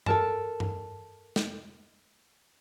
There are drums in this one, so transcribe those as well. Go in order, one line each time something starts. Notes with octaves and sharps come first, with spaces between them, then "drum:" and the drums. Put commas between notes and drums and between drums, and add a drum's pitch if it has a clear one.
A4 A#4 A5, drum: tom G2
drum: tom G2
drum: snare